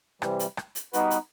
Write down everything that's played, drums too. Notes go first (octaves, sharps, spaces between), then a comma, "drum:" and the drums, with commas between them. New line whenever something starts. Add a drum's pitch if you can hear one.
C3 E3 G3, drum: rim click
drum: hi-hat
drum: rim click
drum: hi-hat
G3 B3 D#4 F#4 B4, drum: hi-hat
drum: hi-hat